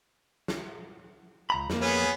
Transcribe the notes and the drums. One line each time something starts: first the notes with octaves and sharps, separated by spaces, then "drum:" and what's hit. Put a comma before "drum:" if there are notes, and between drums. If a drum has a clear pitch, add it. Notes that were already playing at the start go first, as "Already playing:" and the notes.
drum: snare
C#2 A#5 B5
F2 A#3, drum: snare
B3 C#4 G#4